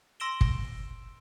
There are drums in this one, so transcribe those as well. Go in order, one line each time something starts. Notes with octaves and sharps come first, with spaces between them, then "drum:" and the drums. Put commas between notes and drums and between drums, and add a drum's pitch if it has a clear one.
C6 E6 A#6 D7 E7 G7
drum: kick